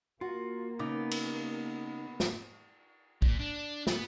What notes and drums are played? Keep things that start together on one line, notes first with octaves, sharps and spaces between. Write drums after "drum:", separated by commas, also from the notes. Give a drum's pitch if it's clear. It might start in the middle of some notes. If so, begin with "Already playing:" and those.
A#3 F4 F#4
C#3 B3 D#4 D6
drum: cymbal
drum: snare
A#2, drum: kick
D4
B3, drum: snare